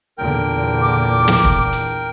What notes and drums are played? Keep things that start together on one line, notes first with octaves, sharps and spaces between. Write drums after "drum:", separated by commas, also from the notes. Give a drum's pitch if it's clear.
E2 A#2 D3 A#4 G5
D6
drum: snare
drum: kick
drum: hi-hat